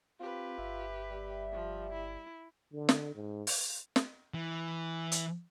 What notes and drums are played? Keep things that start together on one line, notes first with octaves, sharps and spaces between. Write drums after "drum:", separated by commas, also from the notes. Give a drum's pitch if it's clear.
C4 F4 G4 B4
G1 E5
G3
F3
E4
D3
drum: snare
G#2
drum: open hi-hat
drum: snare
E3
drum: hi-hat